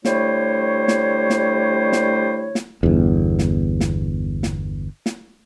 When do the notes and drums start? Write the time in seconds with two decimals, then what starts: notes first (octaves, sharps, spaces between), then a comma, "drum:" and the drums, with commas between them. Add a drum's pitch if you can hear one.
0.05 D3 G3 A3 E4 C5 C#5, drum: snare
0.88 drum: snare
1.30 drum: snare
1.93 drum: snare
2.55 drum: snare
2.83 G1 E2
3.39 drum: snare
3.80 drum: snare
4.43 drum: snare
5.06 drum: snare